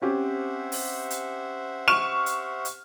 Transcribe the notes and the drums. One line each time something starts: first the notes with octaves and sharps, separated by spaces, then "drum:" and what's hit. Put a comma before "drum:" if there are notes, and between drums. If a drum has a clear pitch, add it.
C4 C#4 G4 C5 E5 F#5
drum: open hi-hat
drum: hi-hat
C#6 F6 E7
drum: hi-hat
drum: hi-hat